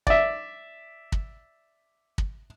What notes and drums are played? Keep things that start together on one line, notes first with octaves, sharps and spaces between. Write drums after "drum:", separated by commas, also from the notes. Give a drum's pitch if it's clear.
D5 E5, drum: kick
drum: kick
drum: kick